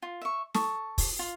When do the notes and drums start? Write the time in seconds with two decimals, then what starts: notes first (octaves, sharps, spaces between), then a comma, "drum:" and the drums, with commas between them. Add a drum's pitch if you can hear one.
0.02 F4
0.21 E5 C#6
0.54 A4 C#6 D#6, drum: snare
0.98 drum: kick, open hi-hat
1.19 F4